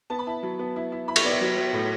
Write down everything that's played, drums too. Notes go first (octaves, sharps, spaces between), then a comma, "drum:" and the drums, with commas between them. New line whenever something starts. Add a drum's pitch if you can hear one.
B3 A5
B5
E4 A5
F#3
B3
E4
E4
E4 B5
C#6, drum: cymbal
B3 D5
E5
F#3
F#3
A2